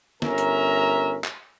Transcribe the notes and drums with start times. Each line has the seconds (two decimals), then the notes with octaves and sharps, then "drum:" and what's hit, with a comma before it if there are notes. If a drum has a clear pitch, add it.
0.22 G1 C#4 A#4 E5 A#5, drum: snare
0.38 drum: hi-hat
1.24 drum: clap